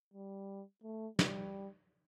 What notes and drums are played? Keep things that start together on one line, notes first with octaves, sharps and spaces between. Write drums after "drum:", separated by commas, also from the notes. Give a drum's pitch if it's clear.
G3
A3
G3, drum: snare